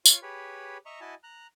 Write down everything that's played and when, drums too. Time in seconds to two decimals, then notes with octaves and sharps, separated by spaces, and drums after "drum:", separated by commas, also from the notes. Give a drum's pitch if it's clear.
0.06 F4 C#5 C6, drum: tambourine
0.22 G4 G#4 B4 C#5 B5
0.86 D#5 E5 A#5 C#6
1.01 E4 F#4 D#5 G#5 A5
1.24 A#5 F#6